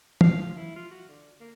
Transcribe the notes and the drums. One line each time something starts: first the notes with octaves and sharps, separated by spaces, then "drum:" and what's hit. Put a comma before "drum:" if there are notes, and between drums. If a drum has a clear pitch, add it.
F5, drum: tom
F4
E4
F4
F#4
D3
A#3